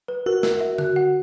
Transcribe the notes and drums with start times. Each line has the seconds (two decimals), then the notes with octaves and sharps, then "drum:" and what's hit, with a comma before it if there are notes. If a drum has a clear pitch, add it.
0.08 B4
0.26 F#4 A#4
0.43 A#4, drum: snare
0.61 E5
0.78 F#6, drum: tom D3
0.96 F#5